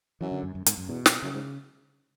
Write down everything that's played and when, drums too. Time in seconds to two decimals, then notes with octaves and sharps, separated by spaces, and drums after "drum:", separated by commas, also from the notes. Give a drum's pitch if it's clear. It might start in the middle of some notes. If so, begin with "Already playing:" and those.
0.21 F#2 E3
0.32 D3
0.43 F#2
0.55 F#2
0.66 G#2, drum: hi-hat
0.78 F#2
0.88 E2 B2
1.06 drum: snare
1.22 F#2 C#3
1.35 G#2